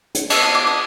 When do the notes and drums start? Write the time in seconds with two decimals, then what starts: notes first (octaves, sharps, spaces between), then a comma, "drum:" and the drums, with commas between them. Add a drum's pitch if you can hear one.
0.15 drum: hi-hat
0.30 B3 D4 F#4 E6, drum: cymbal
0.43 D#6
0.55 D6
0.67 D#6